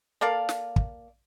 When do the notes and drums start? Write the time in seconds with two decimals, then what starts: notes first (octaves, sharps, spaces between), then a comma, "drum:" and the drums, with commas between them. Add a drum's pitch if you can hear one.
0.21 A#3 A4 D5 F5
0.49 drum: snare
0.76 drum: kick